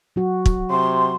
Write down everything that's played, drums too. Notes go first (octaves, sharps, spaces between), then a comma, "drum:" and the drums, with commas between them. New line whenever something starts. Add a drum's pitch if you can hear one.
F#3 F#4
drum: kick
C3 C6